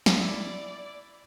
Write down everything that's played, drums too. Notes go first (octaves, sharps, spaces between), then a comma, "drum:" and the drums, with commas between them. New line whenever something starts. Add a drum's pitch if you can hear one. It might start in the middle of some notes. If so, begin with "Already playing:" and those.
drum: snare
E4 D5